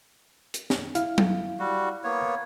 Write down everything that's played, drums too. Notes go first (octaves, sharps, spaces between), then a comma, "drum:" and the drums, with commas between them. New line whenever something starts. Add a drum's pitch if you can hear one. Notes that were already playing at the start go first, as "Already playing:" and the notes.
drum: hi-hat
drum: snare
E4 F5, drum: hi-hat
drum: tom F#3
G3 F#4
A#3 B3 C#5